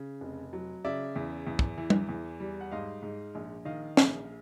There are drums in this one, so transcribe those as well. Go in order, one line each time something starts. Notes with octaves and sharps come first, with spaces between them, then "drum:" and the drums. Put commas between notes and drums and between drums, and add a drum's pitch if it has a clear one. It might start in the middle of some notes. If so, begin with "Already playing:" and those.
Already playing: C#3
F1
F#3
C#3 D5 E5
E2
E2
drum: kick
E3
drum: tom G3
E2
G3
F#5
G#2 D#5 F5
G#2
A#1
D#3 D#5 F5
A#1, drum: snare